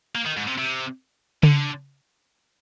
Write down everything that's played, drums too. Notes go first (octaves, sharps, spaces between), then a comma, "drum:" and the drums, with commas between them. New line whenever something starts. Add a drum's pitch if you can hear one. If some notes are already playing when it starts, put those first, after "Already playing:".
A#3
D#3
G#2
C3
C3
D3, drum: tom C#3